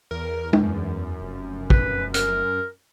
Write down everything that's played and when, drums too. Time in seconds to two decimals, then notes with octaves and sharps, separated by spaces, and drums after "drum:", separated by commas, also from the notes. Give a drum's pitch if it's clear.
0.11 E2 A#4
0.53 drum: tom
0.63 F#2
1.22 F1
1.70 B4, drum: kick
2.14 A#4, drum: hi-hat